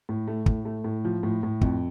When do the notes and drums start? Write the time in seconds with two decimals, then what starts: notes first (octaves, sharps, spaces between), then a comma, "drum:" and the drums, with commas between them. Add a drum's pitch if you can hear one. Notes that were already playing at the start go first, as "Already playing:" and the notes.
0.09 A2
0.28 A3
0.46 A2, drum: kick
0.65 A3
0.84 A2
1.05 F3
1.23 A2
1.43 A2
1.61 F2, drum: kick